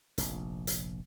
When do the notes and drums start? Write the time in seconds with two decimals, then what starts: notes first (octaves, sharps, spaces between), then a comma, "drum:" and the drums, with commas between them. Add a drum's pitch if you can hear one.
0.18 F1 A#1, drum: hi-hat
0.67 drum: hi-hat